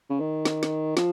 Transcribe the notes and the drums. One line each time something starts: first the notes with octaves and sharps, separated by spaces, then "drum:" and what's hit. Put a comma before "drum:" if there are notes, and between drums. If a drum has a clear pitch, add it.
C#3
D#3
drum: snare
drum: snare
F3, drum: snare